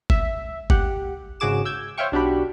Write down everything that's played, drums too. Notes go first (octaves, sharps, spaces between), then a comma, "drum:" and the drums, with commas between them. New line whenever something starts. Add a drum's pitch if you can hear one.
E5, drum: kick G1
G4 F#5, drum: kick G1
G#1 C#3 F#4 G#4 D6 E7
E6 G6 G#6
C5 C#5 E5 F5 G5 C#6
B1 D4 F#4 G4 B5